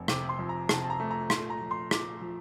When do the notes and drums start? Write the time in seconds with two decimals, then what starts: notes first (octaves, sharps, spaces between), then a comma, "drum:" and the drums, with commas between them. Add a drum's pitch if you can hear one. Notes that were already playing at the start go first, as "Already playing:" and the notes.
Already playing: F1
0.08 C3 D6, drum: rim click
0.29 C6
0.39 F2
0.49 A#5
0.69 C3 A5, drum: rim click
0.84 A5
0.90 A#5
1.00 A3
1.11 A#5
1.30 A#2 C6, drum: rim click
1.50 A#5
1.61 F3
1.71 C6
1.91 F3 D6, drum: rim click
2.22 F3